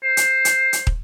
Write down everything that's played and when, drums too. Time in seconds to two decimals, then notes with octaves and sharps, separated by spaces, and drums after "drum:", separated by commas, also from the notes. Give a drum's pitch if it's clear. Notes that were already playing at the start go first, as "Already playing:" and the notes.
0.03 C5
0.17 drum: hi-hat
0.45 drum: hi-hat
0.73 drum: hi-hat
0.87 drum: kick